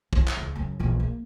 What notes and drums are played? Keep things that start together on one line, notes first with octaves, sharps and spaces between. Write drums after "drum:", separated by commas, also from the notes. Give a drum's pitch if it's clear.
C4 E4, drum: kick
drum: clap
C#2
F#2 C#3
A#1 E2
A#3